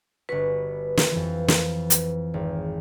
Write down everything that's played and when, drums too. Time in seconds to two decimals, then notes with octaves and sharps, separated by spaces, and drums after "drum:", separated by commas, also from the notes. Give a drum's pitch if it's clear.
0.29 G1 F#4 B4
0.97 drum: snare
1.11 F2 E3
1.48 drum: snare
1.90 drum: hi-hat
2.34 G#1